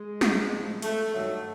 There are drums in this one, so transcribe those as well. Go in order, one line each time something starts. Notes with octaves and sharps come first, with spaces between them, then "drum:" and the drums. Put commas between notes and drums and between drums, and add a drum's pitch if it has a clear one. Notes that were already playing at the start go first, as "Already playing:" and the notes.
Already playing: G#3
drum: snare
A2 F3
A3, drum: hi-hat
G2 D#3 F#3 A3